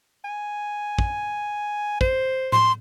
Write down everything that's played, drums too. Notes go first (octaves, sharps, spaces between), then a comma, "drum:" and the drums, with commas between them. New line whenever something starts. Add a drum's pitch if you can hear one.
G#5
drum: kick
C5, drum: kick
C6, drum: tom A2